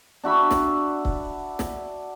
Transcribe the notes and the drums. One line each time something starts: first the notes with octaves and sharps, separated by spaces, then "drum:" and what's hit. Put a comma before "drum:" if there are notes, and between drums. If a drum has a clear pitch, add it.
D4 F#4 E5 B5
drum: snare
drum: kick C#1
drum: snare